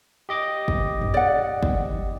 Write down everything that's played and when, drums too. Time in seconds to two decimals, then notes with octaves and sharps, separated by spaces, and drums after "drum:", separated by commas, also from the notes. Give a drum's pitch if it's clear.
0.29 G4 D#5 D6
0.68 drum: kick G1
1.01 drum: tom F2
1.14 D5 F#5
1.63 drum: kick G1